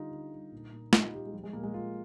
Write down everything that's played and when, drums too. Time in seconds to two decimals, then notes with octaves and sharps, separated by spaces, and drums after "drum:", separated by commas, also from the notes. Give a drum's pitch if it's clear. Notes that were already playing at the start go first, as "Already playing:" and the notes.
Already playing: D3 G3 D#4 F4
0.11 D3
0.33 G3
0.52 A#2
0.73 A#2
0.93 G3 D#4, drum: snare
1.03 F4
1.13 G3 G4
1.26 G#3
1.33 F3 G3
1.43 G#3
1.53 A#2 A#3
1.63 G#3
1.74 A#2 F4